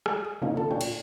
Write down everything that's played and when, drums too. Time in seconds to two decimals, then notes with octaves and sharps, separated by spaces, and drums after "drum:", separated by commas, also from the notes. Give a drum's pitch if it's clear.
0.06 drum: rim click
0.25 D#6
0.42 C3 E3 A#3 C#4 D#4 F4
0.56 D3 A4
0.71 A#2 D4 F4 C#5 G5
0.81 drum: cymbal